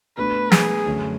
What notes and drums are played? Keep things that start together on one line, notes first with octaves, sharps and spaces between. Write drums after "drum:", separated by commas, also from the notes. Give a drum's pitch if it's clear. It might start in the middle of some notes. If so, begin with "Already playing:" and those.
B2 A3 D4 B4
G#4, drum: snare
F#2 D3 A3 C#4